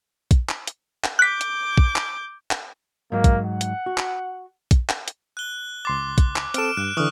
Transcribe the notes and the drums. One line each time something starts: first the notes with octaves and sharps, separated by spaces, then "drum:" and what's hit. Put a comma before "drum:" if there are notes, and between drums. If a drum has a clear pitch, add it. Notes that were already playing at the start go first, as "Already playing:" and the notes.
drum: kick, hi-hat
drum: clap
drum: hi-hat
drum: clap
D6 F#6 G6 B6
drum: hi-hat
drum: kick
drum: clap
drum: clap
G#2 F#3 A#3
drum: kick, hi-hat
F#5
drum: hi-hat
F#4
drum: clap
drum: kick, hi-hat
drum: clap
drum: hi-hat
F#6 G7
C#2 C6 D6 A6
drum: kick, hi-hat
drum: clap
C4 A4 F6 D7 E7, drum: hi-hat
G2 F#6
D3 E3 C#6 D#6 F6